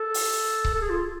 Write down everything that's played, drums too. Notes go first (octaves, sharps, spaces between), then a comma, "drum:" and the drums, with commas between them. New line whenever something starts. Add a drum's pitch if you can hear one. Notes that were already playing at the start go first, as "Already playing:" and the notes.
Already playing: A4
drum: open hi-hat
drum: kick C#1
A4
G#4
F4